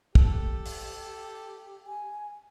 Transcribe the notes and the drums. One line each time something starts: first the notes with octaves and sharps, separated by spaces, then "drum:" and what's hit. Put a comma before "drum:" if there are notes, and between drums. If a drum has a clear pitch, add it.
G4 A4, drum: kick
drum: open hi-hat
G#5